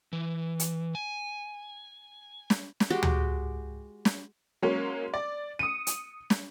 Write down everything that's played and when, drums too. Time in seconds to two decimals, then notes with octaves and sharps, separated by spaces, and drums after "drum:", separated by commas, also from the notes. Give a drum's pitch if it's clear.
0.13 E3
0.60 drum: hi-hat
0.95 G#5
2.50 drum: snare
2.80 drum: snare
2.90 G#3 F#4 G4
3.03 drum: tom D2
4.05 drum: snare
4.62 F#3 G#3 A#3 C#4
5.14 D5
5.59 D#6 C#7 D#7
5.87 drum: hi-hat
6.30 drum: snare